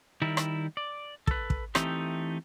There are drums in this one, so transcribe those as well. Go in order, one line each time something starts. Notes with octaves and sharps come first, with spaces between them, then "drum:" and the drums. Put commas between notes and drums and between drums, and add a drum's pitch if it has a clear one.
D#3 G3 E4 A#4
drum: rim click
D5
A4 B4, drum: kick
drum: kick
E3 A3 C4 D#4 G4 A4, drum: rim click